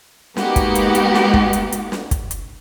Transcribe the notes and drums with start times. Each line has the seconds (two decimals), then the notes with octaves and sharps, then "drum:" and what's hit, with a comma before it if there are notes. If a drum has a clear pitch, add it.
0.37 G#3 A#3 B3 D#4 F#4 G4, drum: snare
0.56 drum: kick, hi-hat
0.75 drum: hi-hat
0.95 drum: hi-hat
1.14 drum: snare
1.34 drum: kick
1.53 drum: hi-hat
1.72 drum: hi-hat
1.92 drum: snare
2.11 drum: kick, hi-hat
2.31 drum: hi-hat